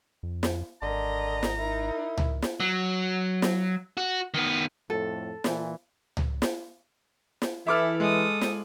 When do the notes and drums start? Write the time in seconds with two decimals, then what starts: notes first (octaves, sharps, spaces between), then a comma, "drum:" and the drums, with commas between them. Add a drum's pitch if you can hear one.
0.23 F2
0.43 drum: snare
0.82 G#1 D3 A#4 D#5 A#5
1.43 drum: snare
1.59 D#4 E4 A#4
2.17 drum: tom C#2
2.42 drum: snare
2.60 F#3
3.42 drum: snare
3.97 F#4
4.34 D#3 B3
4.90 F2 A2 A4
5.44 A#2 E3, drum: snare
6.17 drum: tom C#2
6.42 drum: snare
7.42 drum: snare
7.67 E3 E4 A4 E5 D6 F6
8.00 G#3 A4 D#6
8.41 drum: snare